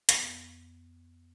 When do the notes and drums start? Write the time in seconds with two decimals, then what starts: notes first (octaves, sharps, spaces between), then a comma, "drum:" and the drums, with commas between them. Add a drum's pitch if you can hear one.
0.09 F2 B3, drum: hi-hat